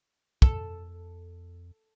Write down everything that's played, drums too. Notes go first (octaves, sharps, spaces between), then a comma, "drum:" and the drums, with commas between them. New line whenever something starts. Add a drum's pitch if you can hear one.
F2 A4, drum: kick